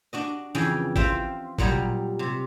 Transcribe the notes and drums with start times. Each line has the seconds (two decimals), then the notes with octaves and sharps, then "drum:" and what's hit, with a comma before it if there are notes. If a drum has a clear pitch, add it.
0.13 D4 F#4 D#5
0.55 F2 C#3 E3 G5 G#5
0.96 C4 F4 E5 G5, drum: kick G1
1.59 A#2 F#3 G3 D#5 A#5, drum: kick G1
1.72 drum: tom A#2
2.19 C3